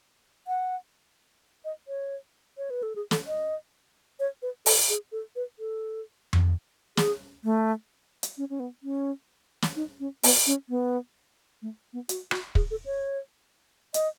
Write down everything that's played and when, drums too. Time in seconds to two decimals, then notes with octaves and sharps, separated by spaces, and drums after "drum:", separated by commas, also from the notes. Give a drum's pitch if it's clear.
0.47 F#5
1.65 D#5
1.88 C#5
2.58 C#5
2.70 B4
2.83 A4
2.96 G#4
3.11 A4, drum: snare
3.27 D#5
4.20 C#5
4.42 B4
4.66 A4, drum: open hi-hat
4.89 G#4
5.12 A4
5.36 B4
5.59 A4
6.33 drum: tom F2
6.97 G#4, drum: snare
7.44 A3
8.23 drum: hi-hat
8.38 C#4
8.50 C#4
8.60 B3
8.83 C#4
9.62 drum: snare
9.76 D#4
10.00 C#4
10.23 B3, drum: open hi-hat
10.47 C#4
10.69 B3
11.62 A3
11.93 B3
12.09 F#4, drum: hi-hat
12.31 F#4, drum: rim click
12.55 G#4, drum: kick
12.71 A4
12.86 C#5
13.94 D#5, drum: hi-hat